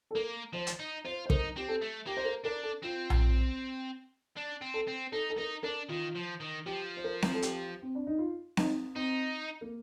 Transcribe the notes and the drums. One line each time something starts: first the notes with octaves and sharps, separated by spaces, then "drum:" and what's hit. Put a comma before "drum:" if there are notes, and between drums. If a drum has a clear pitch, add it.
A4
A#3 A#4
F3 C5
drum: hi-hat
D#4
F4 C5
C5
D#4 A#4, drum: kick
C4 G4
A4
A3
A#3 G4
C5
A#4
D4 A#4
A4
C4 F4
drum: tom A#1
D4
C4
A4
C4
D#4 A4
A4
D#4 A#4
D4 A#4
D#3 F4
F3
D#3
F3 G4
C5
A#4
drum: snare C4
A4
G4, drum: hi-hat
C4
D4
D#4
F4
D#4, drum: snare C4
C4 D#4
A#3